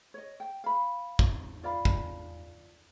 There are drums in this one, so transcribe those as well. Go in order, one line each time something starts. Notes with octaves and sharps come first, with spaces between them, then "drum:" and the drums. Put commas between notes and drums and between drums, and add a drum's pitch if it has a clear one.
C#5 D#5
G5
F5 B5
drum: kick
F4 D5 F5 B5
drum: kick